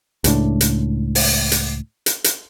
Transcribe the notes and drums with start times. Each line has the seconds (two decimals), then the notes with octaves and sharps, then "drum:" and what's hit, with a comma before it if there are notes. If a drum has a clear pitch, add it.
0.24 C#2 A2 D4, drum: hi-hat
0.61 drum: hi-hat
1.15 drum: open hi-hat
1.52 drum: hi-hat
2.06 drum: hi-hat
2.24 drum: hi-hat